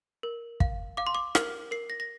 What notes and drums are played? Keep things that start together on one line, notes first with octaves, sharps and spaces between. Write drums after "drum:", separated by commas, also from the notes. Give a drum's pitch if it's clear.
A#4
F5, drum: kick
F5 D6
C6
D6
A#4 F6, drum: rim click
A#4 C7
A#6
A#6